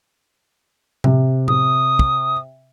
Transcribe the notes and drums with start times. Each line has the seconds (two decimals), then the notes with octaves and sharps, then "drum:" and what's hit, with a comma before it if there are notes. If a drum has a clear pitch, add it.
1.04 C3, drum: tom A2
1.48 D#6, drum: tom A2
1.99 drum: kick